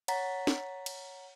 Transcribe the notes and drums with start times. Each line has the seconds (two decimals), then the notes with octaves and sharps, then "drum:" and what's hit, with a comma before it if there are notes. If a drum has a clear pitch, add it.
0.08 C#5 F#5 A#5 A6 B6, drum: cymbal
0.47 drum: snare
0.86 drum: cymbal